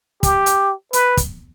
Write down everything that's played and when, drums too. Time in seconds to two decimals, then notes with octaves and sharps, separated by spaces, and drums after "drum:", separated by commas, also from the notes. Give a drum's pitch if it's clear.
0.23 G4, drum: kick, hi-hat
0.46 drum: hi-hat
0.93 B4, drum: hi-hat
1.17 drum: kick, hi-hat